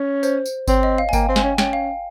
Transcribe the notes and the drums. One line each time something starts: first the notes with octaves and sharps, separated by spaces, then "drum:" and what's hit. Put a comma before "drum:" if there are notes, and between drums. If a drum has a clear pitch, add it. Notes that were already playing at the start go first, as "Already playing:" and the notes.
Already playing: C#4
C5, drum: tambourine
drum: tambourine
C4 C#5, drum: kick G#1, tambourine
D#5
F5
G#5
A#3 G5, drum: kick G#1, tambourine
C4
G#5, drum: snare
C#4
C#4 G5, drum: snare
F5